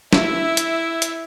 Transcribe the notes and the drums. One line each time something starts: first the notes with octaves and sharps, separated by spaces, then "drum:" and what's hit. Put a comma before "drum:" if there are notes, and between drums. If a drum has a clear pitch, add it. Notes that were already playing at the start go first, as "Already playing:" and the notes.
E4 E5, drum: snare
drum: hi-hat
drum: hi-hat